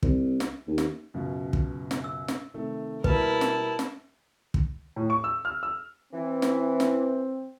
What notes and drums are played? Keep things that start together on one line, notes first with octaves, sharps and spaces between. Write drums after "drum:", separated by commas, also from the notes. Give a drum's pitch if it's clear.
C2, drum: kick
drum: snare
D#2
drum: snare
C#2 F#2 B2
drum: kick
drum: snare
E6
drum: snare
C3 D#3 A3
B2 G3 A#3 E4 A#4 B4 A5, drum: kick
drum: snare
drum: snare
drum: kick
A2
C#6
E6
F6
E6
E3 C4
drum: snare
drum: snare